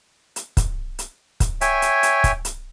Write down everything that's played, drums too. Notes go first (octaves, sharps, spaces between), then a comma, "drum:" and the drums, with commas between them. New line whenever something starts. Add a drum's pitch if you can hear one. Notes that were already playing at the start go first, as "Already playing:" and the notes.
drum: hi-hat
drum: kick, hi-hat
drum: hi-hat
drum: kick, hi-hat
C#5 E5 G5 G#5, drum: hi-hat
drum: hi-hat
drum: hi-hat
drum: kick, hi-hat
drum: hi-hat